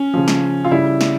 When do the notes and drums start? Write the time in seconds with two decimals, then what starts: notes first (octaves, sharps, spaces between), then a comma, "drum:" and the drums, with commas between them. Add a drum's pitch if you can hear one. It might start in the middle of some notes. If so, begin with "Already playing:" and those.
Already playing: C#4
0.14 C#3 F3
0.28 drum: snare
0.65 F4
0.71 C#3 G3 E4
1.01 drum: snare